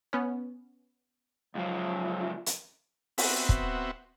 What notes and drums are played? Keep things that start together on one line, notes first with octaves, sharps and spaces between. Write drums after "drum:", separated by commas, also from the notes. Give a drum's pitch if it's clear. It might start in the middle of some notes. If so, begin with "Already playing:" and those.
B3 C#4
C#2 F3 F#3
drum: hi-hat
B3 C4 F#4 E5, drum: open hi-hat
drum: kick